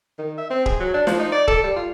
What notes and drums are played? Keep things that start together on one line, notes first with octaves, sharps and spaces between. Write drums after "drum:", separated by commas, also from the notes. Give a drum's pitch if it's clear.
D#3
E5
C4
G#4, drum: kick D1
F#3
D4
F3, drum: snare
D#4
D5
A4, drum: kick D1
G3
F4